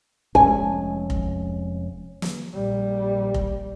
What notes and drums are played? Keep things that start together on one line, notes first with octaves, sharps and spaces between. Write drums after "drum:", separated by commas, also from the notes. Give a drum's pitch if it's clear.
F1 G#3 C#4 G#5, drum: kick F1
drum: kick F1
drum: snare
A#1 G3
drum: kick F1